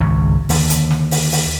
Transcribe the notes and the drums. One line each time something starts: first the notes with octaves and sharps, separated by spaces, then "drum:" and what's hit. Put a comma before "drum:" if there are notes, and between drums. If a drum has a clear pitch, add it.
G#1 C#2 C#3
D#2 D3, drum: open hi-hat
drum: hi-hat
drum: snare
drum: open hi-hat
drum: open hi-hat